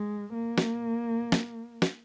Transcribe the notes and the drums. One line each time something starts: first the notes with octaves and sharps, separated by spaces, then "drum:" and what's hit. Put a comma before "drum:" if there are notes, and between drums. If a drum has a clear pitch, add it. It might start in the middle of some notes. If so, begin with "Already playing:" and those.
Already playing: G#3
A#3
drum: snare
drum: snare
drum: snare